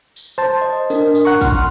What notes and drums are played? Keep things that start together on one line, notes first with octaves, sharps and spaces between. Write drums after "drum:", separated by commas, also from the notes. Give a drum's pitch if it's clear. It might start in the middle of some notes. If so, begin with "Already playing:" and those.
drum: tambourine
C5 A5
D#5
D4 A#4, drum: tambourine
drum: tambourine
F#5 A#5 C#6
C6 F6, drum: kick, tambourine